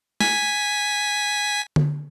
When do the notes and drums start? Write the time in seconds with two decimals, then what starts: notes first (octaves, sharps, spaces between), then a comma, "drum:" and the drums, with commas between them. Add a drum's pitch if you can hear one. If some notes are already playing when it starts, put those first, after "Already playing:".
0.20 G#5 B6, drum: snare
1.76 drum: tom D3